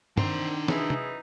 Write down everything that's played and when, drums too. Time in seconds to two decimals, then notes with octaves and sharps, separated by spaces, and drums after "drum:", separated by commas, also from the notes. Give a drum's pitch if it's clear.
0.18 D#3 C4 D4 C6, drum: tom
0.68 F#2 E3 D#4 E4 G#4, drum: snare
0.90 drum: tom